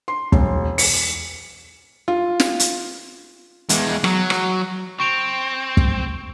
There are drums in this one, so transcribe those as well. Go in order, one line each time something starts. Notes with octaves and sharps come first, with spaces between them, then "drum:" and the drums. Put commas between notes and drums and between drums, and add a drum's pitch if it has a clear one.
C6
E1, drum: kick
C#7, drum: open hi-hat
F4
drum: snare
drum: hi-hat
E2 G#3, drum: hi-hat
F#3, drum: rim click
drum: rim click
C4 C#6 D7 F7
drum: kick